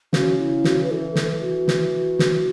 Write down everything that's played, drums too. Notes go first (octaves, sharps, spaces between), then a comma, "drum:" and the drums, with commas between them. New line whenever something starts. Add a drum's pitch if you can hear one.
C#3 F#4, drum: snare
E4
F#4, drum: snare
B4
E3 A4
A4, drum: snare
F#4
drum: snare
drum: snare